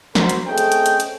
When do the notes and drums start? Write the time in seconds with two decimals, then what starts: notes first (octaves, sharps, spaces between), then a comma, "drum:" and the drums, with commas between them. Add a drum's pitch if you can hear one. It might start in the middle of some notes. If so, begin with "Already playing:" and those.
0.15 F#4 A#4 C5, drum: snare
0.29 drum: hi-hat
0.47 A3 C4 C#4 G#4 D#5 G5
0.58 drum: hi-hat
0.72 drum: hi-hat
0.86 drum: hi-hat
1.00 drum: hi-hat